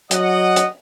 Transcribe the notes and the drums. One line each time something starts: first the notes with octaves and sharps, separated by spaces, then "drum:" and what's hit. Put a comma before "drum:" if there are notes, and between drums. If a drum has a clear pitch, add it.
F#3 D#5 F#5, drum: hi-hat
drum: hi-hat